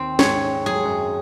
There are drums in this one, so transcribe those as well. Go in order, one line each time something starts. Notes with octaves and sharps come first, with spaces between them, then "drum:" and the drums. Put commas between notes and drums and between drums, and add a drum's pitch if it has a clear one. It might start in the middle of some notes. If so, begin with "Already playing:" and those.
Already playing: D#2 D#3 C4
G#2 G#3 C#5, drum: snare
F#3 G#4
G#3
F#2 F#3